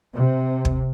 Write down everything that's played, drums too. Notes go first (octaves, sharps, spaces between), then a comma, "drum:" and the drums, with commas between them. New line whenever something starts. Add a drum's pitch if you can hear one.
C3
drum: kick